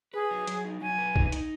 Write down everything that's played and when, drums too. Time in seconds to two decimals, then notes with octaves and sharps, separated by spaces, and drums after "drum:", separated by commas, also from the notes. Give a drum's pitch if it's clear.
0.14 G#4 B4
0.31 F#3
0.47 F#3, drum: hi-hat
0.65 D#4
0.81 F#3 G#5
0.98 B4
1.16 D#4, drum: kick
1.32 D#4, drum: hi-hat